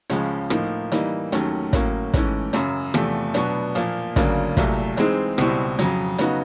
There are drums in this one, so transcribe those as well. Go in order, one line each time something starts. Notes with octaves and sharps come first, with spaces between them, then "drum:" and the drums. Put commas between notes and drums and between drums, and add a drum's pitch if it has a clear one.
C#2 C#3 F3 G#3 C#4, drum: hi-hat
A2 F3 A#3 D#4, drum: rim click
E3 G3 A#3 D#4, drum: hi-hat
D#2 D#3 F#3 A3 C#4, drum: hi-hat
A2 F#3 A#3 C#4, drum: kick, hi-hat
G#2 E3 A3 C#4, drum: kick, hi-hat
F#2 C#3 F#3, drum: hi-hat
E2 C3 F3 A3, drum: rim click
B2 F#3 B3 D4, drum: hi-hat
A#2 F3 A#3, drum: hi-hat
D2 C#3 F#3 A#3 D4, drum: kick, hi-hat
C2 A#2 F#3 A3, drum: kick, hi-hat
E3 G#3 C4 D#4 G#4, drum: hi-hat
C#2 B2 G3 C4 E4, drum: rim click
F2 C#3 F#3, drum: hi-hat
C#3 F#3 B3 D#4 F#4, drum: hi-hat